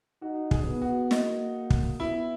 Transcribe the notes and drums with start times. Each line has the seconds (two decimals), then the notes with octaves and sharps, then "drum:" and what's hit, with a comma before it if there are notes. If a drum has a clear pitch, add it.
0.22 D#4 F#4
0.51 G#4, drum: kick
0.66 B3
0.82 F#4
1.11 A#3 D#4, drum: snare
1.70 drum: kick
2.00 B3 E4